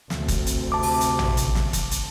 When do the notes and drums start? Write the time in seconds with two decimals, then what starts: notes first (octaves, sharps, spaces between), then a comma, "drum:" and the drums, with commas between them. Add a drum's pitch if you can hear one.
0.10 D2 C3, drum: snare
0.28 drum: kick, hi-hat
0.46 drum: hi-hat
0.72 A5 D6
0.83 drum: open hi-hat
1.01 drum: hi-hat
1.19 drum: tom A1
1.37 drum: hi-hat
1.55 drum: snare
1.73 drum: kick, hi-hat
1.91 drum: hi-hat